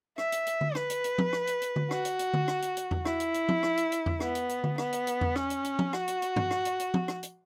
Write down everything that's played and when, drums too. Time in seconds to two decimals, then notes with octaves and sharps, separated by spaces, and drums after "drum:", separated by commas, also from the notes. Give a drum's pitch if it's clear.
0.18 E5, drum: rim click
0.32 drum: hi-hat
0.46 drum: hi-hat
0.61 drum: tom D3
0.75 B4, drum: rim click
0.90 drum: hi-hat
1.04 drum: hi-hat
1.18 drum: tom F3
1.33 drum: rim click
1.47 drum: hi-hat
1.62 drum: hi-hat
1.76 drum: tom D3
1.91 F#4, drum: rim click
2.05 drum: hi-hat
2.19 drum: hi-hat
2.33 drum: tom D3
2.48 drum: rim click
2.62 drum: hi-hat
2.77 drum: hi-hat
2.91 drum: tom E2
3.05 E4, drum: rim click
3.20 drum: hi-hat
3.34 drum: hi-hat
3.49 drum: tom F3
3.63 drum: rim click
3.77 drum: hi-hat
3.92 drum: hi-hat
4.06 drum: tom E2
4.20 B3, drum: rim click
4.35 drum: hi-hat
4.49 drum: hi-hat
4.64 drum: tom D3
4.78 B3, drum: rim click
4.92 drum: hi-hat
5.07 drum: hi-hat
5.21 drum: tom E2
5.36 C#4, drum: rim click
5.50 drum: hi-hat
5.64 drum: hi-hat
5.79 drum: tom F3
5.93 F#4, drum: rim click
6.08 drum: hi-hat
6.22 drum: hi-hat
6.36 drum: tom G2
6.51 drum: rim click
6.65 drum: hi-hat
6.79 drum: hi-hat
6.94 drum: tom F3
7.08 drum: rim click
7.23 drum: hi-hat